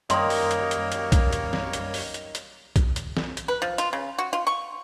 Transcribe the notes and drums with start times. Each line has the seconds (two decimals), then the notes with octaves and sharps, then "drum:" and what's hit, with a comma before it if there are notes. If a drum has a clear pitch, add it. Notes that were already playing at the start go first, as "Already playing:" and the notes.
0.10 F#2 D#3 G3 A#3 D#4 C#5 D#5 C6, drum: hi-hat
0.30 drum: open hi-hat
0.51 drum: hi-hat
0.71 drum: hi-hat
0.92 drum: hi-hat
1.12 drum: kick B1, hi-hat
1.33 drum: hi-hat
1.53 drum: snare
1.73 drum: hi-hat
1.94 drum: open hi-hat
2.14 drum: hi-hat
2.35 drum: hi-hat
2.76 drum: kick B1, hi-hat
2.96 drum: hi-hat
3.17 drum: snare
3.37 drum: hi-hat
3.48 B4
3.62 F3
3.78 F4, drum: hi-hat
3.93 C#3
4.18 F#4
4.33 F4
4.47 C#6